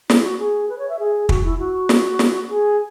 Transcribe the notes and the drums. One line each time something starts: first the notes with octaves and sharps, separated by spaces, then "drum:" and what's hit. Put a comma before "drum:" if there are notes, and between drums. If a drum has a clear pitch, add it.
E4, drum: snare
G#4
F#4
G#4
B4
C#5
E5
G#4
F#4, drum: kick
E4
F#4
drum: snare
drum: snare
G#4